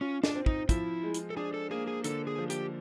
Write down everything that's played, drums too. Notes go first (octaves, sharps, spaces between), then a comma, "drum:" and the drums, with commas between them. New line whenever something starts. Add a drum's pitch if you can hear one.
C#4 F4
D4, drum: snare
C4
D#4, drum: kick
F3 E4, drum: kick, hi-hat
G#3
drum: hi-hat
A4
D4 G#4
A4
A#3 G#4
G#4
D3 A4, drum: hi-hat
G#4
F3
G4, drum: hi-hat